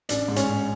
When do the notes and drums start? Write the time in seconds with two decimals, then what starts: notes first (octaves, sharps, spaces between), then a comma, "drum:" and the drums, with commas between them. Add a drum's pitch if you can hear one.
0.09 A1 D4, drum: hi-hat
0.28 G#2
0.36 C#4, drum: hi-hat
0.47 A1